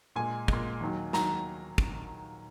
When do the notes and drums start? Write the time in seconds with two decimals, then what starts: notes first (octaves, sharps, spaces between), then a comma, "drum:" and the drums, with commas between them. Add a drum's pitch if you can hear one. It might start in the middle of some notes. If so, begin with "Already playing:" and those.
0.16 A#2 G#3 G#5
0.48 A#2 G#3, drum: kick
0.81 D#2 D#3 F#3
1.13 D#3 F#3 A#5, drum: snare
1.78 drum: kick